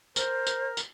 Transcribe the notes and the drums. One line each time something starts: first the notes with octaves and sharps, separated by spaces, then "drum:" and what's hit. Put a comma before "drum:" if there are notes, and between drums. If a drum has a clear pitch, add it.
A#4 C5, drum: tambourine
drum: tambourine
drum: tambourine